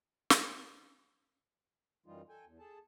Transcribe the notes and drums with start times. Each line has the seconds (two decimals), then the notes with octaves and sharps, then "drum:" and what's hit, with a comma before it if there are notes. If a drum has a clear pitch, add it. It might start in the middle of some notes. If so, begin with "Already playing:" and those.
0.30 drum: snare
2.06 F#2 E3 G3 D#4 F4
2.29 A4 G5 G#5
2.45 E2
2.59 G#4 A4 A5